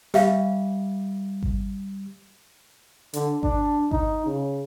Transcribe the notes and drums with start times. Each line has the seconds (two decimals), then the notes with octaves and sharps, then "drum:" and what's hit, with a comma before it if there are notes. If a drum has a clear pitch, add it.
0.14 G3 G4 E5 F5, drum: snare
1.43 drum: kick G#1
3.13 D3, drum: hi-hat
3.43 D4, drum: kick G#1
3.91 D#4, drum: kick G#1
4.26 C#3